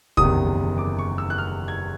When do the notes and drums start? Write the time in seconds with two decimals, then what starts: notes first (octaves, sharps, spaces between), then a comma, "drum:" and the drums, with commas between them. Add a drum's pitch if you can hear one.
0.17 F#1 E2 C3 D#3 D#6, drum: kick
0.78 D6
0.99 C#6
1.18 E6
1.30 F#6
1.38 F6
1.68 G#6